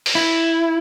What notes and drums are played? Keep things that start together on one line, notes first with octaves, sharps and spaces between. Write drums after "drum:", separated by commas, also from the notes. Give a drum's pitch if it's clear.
drum: open hi-hat
E4